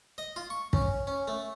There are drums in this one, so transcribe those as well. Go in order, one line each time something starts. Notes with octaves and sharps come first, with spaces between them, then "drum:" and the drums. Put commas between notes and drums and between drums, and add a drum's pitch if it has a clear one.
D#5
F4
C#6
C#4, drum: kick
C#4
A3